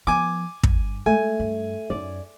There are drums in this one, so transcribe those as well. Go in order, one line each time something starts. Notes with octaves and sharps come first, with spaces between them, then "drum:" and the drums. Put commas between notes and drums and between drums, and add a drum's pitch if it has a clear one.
F3 B3 G#5 D6
G2, drum: kick
G#3 A3 G#5
G2
F#2 D#4 D5